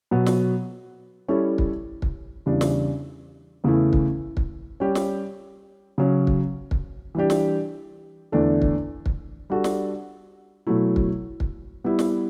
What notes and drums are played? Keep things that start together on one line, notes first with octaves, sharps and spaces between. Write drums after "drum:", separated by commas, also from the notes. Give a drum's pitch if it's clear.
B2 F#3 B3
drum: snare
G3 C#4 E4 A4 C#5
drum: kick
drum: kick
E2 C#3 G3 D4
drum: snare
E2 C#3 E3 A3 E4
drum: kick
drum: kick
G3 C#4 G4
drum: snare
C#3 F#3 C#4
drum: kick
drum: kick
E3 G3 D4 G4
drum: snare
E2 D3 A3 D4 A4
drum: kick
drum: kick
G3 D4 F#4 A4
drum: snare
B2 F#3 A3 E4
drum: kick
drum: kick
G3 B3 E4
drum: snare